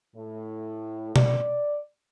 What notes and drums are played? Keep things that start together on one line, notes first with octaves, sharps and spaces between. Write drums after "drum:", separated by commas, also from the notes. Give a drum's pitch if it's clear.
A2
D5, drum: tom B2